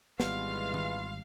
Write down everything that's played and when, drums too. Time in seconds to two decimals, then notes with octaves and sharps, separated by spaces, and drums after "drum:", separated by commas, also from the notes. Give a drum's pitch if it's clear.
0.20 G#1 E3 G3 G#3 B3 F4 B4 F5, drum: snare
0.74 drum: tom D#3